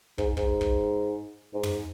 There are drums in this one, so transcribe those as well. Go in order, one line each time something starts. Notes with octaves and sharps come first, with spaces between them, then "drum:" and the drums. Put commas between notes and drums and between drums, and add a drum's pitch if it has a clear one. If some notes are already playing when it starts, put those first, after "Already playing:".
G#2, drum: kick
G#2, drum: kick
drum: kick
G#2
drum: tom